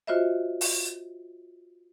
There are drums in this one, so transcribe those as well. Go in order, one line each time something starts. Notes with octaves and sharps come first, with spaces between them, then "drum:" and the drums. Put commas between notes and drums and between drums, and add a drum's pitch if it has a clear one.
F4 F#4 C5 C#5 D#5 E5
drum: open hi-hat